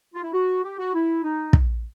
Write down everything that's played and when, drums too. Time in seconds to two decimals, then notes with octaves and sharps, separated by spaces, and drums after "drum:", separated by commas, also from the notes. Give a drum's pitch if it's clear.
0.14 F4
0.23 E4
0.33 F#4
0.64 G4
0.78 F#4
0.94 E4
1.24 D#4
1.53 drum: kick